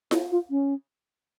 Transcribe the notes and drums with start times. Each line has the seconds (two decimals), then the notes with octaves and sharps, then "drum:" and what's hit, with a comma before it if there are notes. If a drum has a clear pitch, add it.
0.11 E4, drum: snare F4
0.31 F4
0.50 C#4